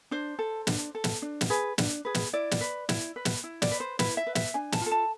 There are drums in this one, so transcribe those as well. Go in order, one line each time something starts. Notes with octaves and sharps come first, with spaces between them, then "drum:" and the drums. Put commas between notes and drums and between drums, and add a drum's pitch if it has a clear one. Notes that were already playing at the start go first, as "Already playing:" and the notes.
D4 C5
A4
D4, drum: snare
A4
drum: snare
D4
drum: snare
G#4 B4
D4, drum: snare
G#4 B4
drum: snare
E4 D5
drum: snare
B4
E4, drum: snare
B4
drum: snare
E4
D5, drum: snare
B4
C5
E4 B4, drum: snare
E5
B4
E5, drum: snare
D4 G#5
A5, drum: snare
F4 A4
A5